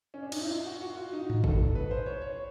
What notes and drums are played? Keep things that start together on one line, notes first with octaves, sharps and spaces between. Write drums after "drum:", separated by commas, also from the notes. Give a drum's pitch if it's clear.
C#4
D4
D#4, drum: cymbal
E4
F4
F#4
F#4
F4
D#4
drum: tom G#2
A4, drum: kick
A4
B4
C5
C#5
C#5